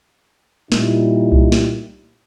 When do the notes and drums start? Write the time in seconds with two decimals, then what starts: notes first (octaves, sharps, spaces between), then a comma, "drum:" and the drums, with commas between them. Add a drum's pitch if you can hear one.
0.72 A#2 G3 D#4 E4, drum: snare
1.32 drum: kick C2
1.52 drum: snare